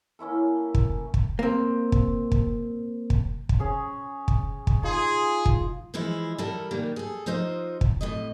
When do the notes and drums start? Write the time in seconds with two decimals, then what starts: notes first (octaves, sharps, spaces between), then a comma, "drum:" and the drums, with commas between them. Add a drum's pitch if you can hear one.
0.19 A#3 C#4 E4 A4
0.75 drum: kick
1.14 drum: kick
1.39 A#3 C4
1.92 drum: kick
2.32 drum: kick
3.10 drum: kick
3.49 drum: kick
3.59 C#4 G#4 C#5
4.28 drum: kick
4.67 drum: kick
4.83 D#4 F4 G#4 C6
5.46 drum: kick
5.94 E3 F3 G#3 E4 F4
6.38 G3 E4 A4 A#4
6.71 A#2 D#3 G3 A#3
6.96 G#4 A4
7.26 F3 D#4 F4 C5 D#5 E5
7.81 drum: kick
8.01 A2 C3 D#5